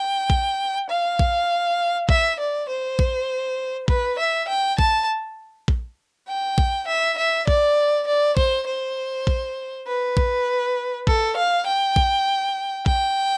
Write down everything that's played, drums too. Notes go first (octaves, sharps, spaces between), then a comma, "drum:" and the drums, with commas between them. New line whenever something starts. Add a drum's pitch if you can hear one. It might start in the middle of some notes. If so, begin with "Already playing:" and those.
Already playing: G5
drum: kick A#1
F5
drum: kick A#1
E5, drum: kick A#1
D5
C5
drum: kick A#1
B4, drum: kick A#1
E5
G5
A5, drum: kick A#1
drum: kick A#1
G5
drum: kick A#1
E5
E5
D5, drum: kick A#1
D5
C5, drum: kick A#1
C5
drum: kick A#1
B4
drum: kick A#1
A4, drum: kick A#1
F5
G5
drum: kick A#1
G5, drum: kick A#1